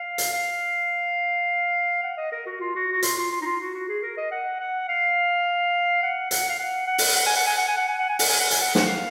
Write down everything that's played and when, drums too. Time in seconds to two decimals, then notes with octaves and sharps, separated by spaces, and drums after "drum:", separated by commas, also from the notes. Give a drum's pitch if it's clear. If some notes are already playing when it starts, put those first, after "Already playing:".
Already playing: F5
0.18 drum: hi-hat
0.33 F5
2.03 F#5
2.17 D#5
2.32 A#4
2.46 F#4
2.60 F4
2.75 F#4
2.93 F#4
3.03 F4, drum: hi-hat
3.17 F4
3.31 F4
3.42 D#4
3.46 F4
3.60 F#4
3.74 F#4
3.89 G#4
4.03 A#4
4.17 D#5
4.31 F#5
4.59 F#5
4.88 F5
6.02 F#5
6.31 F#5, drum: hi-hat
6.49 F5
6.59 F#5
6.87 F#5
6.98 drum: open hi-hat
7.16 F#5
7.26 G#5
7.36 F#5
7.47 G#5
7.58 F#5
7.68 G#5
7.77 F#5
7.88 G#5
7.99 F#5
8.09 G#5
8.19 F#5, drum: open hi-hat
8.29 G#5
8.40 F#5
8.51 G#5, drum: hi-hat
8.61 F#5
8.75 F#5, drum: snare
8.86 F5